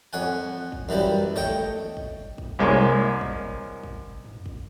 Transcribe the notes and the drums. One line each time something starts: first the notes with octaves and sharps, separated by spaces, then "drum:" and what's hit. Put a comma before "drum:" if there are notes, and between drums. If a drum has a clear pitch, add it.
F2 C#5 F#5 G#5
drum: kick
F#2 E3 F3 G3
A3 C#5 D#5 G5, drum: kick
drum: tom
drum: kick
drum: kick
C2 G#3 A#3 C#5
drum: kick
drum: kick
drum: tom
drum: kick